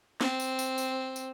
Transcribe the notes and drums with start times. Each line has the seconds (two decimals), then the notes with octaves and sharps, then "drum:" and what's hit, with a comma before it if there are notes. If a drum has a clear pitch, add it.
0.21 C4, drum: snare
0.40 drum: tambourine
0.59 drum: tambourine
0.78 drum: tambourine
1.16 drum: tambourine